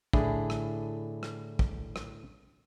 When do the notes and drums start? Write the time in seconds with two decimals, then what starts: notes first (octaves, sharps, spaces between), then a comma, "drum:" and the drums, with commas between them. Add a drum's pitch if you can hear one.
0.13 A2 D3 D4 E4 G#4, drum: kick
0.50 drum: rim click
1.23 drum: rim click
1.59 drum: kick
1.96 drum: rim click